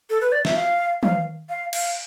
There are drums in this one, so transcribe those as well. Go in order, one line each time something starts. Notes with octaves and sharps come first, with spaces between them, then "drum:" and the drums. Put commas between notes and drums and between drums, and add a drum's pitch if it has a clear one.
A4
B4
D5
E5, drum: snare
F5
F5, drum: tom
F5
F5, drum: cymbal